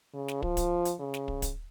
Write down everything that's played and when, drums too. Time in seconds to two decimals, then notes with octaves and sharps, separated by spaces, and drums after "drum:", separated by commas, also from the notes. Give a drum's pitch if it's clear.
0.14 C#3
0.28 drum: snare
0.42 F3, drum: kick
0.57 drum: kick, hi-hat
0.85 drum: hi-hat
1.00 C#3
1.14 drum: snare
1.28 drum: kick
1.42 drum: kick, hi-hat